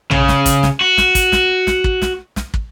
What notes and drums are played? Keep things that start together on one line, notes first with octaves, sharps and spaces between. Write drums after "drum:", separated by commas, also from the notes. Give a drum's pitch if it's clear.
C#3, drum: tom
drum: snare
drum: kick, hi-hat
drum: snare
F#4
drum: snare
drum: kick, hi-hat
drum: snare
drum: snare
drum: kick
drum: snare
drum: snare
drum: kick